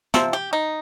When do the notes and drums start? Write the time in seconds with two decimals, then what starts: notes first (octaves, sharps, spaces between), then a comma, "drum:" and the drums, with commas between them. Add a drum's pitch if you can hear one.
0.14 C3 F3 C4, drum: snare
0.33 G4
0.53 D#4